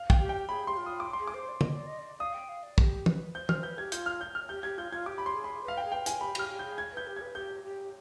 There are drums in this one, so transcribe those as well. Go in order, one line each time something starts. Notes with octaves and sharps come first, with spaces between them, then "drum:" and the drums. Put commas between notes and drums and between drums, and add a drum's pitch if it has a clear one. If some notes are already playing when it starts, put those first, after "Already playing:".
Already playing: F5
G5, drum: kick
G4
G5
G#4 B5
G4 C6
F4
D#6
D6
C6
G#4
D6
C5
D5
D#5, drum: tom
D5
D#5
D5
F5 D#6
G5
F5
D5
G4, drum: kick
B4, drum: tom
C5 G6
C5 F6, drum: tom
B4 G6
G4 G#6
F4 G6, drum: hi-hat
F6
G6
F6
G4 G6
G4 G#6
F4 G6
F4 G#6
G4 D6
B5
C6
G#4
B5
B4 F5
G5
G#4
B4 G5
G#5, drum: hi-hat
G4 B5
G4 F6, drum: cymbal
G4
G#4 G6
G#6
B4 G6
G4
B4 G#6
G4 G6
G4